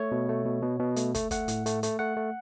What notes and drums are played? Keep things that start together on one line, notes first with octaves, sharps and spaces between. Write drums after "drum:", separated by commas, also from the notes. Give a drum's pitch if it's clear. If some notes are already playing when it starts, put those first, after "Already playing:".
Already playing: A3 C#5
B2
A3
B2
B2
B2
A3, drum: hi-hat
A3, drum: kick, hi-hat
A3 F#5, drum: kick, hi-hat
A2, drum: hi-hat
A3, drum: hi-hat
A3, drum: hi-hat
A3 F#5
A3